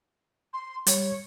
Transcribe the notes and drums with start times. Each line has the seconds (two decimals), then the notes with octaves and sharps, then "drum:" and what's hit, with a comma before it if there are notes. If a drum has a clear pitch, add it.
0.53 C6
0.87 G3 C#5, drum: hi-hat